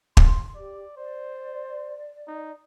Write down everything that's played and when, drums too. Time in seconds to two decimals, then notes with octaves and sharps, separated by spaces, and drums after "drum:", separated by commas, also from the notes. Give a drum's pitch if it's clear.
0.17 C6, drum: kick
0.55 G4 D5
0.97 C5 D5
2.28 D#4